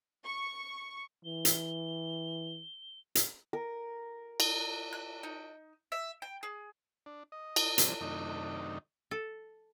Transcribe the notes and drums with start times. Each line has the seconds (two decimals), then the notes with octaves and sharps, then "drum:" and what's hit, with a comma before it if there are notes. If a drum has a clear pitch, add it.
0.24 C#6
1.25 E3 G7
1.45 drum: hi-hat
3.15 drum: hi-hat
3.53 A#4
4.40 drum: cymbal
4.93 F#6
5.23 D#4
5.92 E5
6.22 G5
6.43 G#4
7.06 D4
7.32 D#5
7.56 drum: cymbal
7.78 C3 E3 F3 G3 C4 D4, drum: hi-hat
8.01 F#2 C3 D#3 A3 D4 D#4
9.11 A4